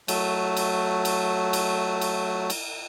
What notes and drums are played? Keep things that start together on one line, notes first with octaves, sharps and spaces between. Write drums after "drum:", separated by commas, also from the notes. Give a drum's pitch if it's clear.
F#3 A3, drum: cymbal
drum: cymbal
drum: cymbal
drum: cymbal
drum: cymbal
drum: cymbal